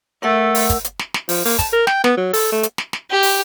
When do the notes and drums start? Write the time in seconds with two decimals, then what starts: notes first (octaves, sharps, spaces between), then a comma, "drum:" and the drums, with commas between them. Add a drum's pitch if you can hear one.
0.22 A3 A#4 F#5 E6
0.55 drum: open hi-hat
0.70 drum: kick, hi-hat
0.84 drum: hi-hat
0.99 drum: snare
1.14 drum: snare
1.29 F3, drum: open hi-hat
1.45 A#3, drum: open hi-hat
1.59 A5, drum: kick, hi-hat
1.73 A#4
1.87 G5, drum: snare
2.04 B3, drum: snare
2.18 F#3
2.33 A4, drum: open hi-hat
2.52 A3
2.63 drum: hi-hat
2.78 drum: snare
2.93 drum: snare
3.11 G4
3.23 drum: open hi-hat